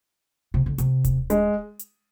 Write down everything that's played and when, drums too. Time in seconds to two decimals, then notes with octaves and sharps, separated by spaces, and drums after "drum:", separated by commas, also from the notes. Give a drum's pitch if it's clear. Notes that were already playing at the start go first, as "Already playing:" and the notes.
0.54 C3
0.66 D3
0.78 C3, drum: hi-hat
1.04 drum: kick D#1, hi-hat
1.30 G#3, drum: hi-hat
1.79 drum: hi-hat